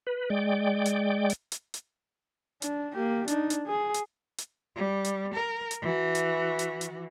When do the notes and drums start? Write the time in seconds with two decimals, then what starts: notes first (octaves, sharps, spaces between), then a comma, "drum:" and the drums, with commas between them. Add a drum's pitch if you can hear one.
0.07 B4
0.30 G#3 D5 G5
0.86 drum: hi-hat
1.30 drum: hi-hat
1.52 drum: hi-hat
1.74 drum: hi-hat
2.62 D4, drum: hi-hat
2.94 A#3 G4
3.28 D4 D#4, drum: hi-hat
3.50 drum: hi-hat
3.66 G#4
3.94 drum: hi-hat
4.38 drum: hi-hat
4.76 G3
5.05 drum: hi-hat
5.34 A#4
5.71 drum: hi-hat
5.82 E3 F#4
6.15 drum: hi-hat
6.59 drum: hi-hat
6.81 drum: hi-hat